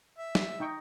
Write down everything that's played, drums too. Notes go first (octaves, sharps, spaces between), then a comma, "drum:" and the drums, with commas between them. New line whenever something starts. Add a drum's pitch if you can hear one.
E5
drum: snare
D#4 G5 C#6